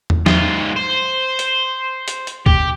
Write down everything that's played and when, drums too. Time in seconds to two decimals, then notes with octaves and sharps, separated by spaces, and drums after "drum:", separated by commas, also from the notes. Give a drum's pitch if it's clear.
0.10 drum: tom E2
0.26 G#2 F4, drum: snare
0.76 C5
1.39 drum: hi-hat
2.08 drum: hi-hat
2.27 drum: hi-hat
2.46 G4, drum: kick